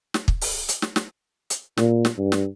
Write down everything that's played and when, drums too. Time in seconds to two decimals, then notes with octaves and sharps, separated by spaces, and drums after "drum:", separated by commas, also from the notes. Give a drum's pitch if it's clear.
0.14 drum: snare
0.28 drum: kick
0.41 drum: open hi-hat
0.69 drum: hi-hat
0.82 drum: snare
0.96 drum: snare
1.50 drum: hi-hat
1.77 A#2, drum: snare
2.05 drum: snare
2.18 G2
2.32 drum: snare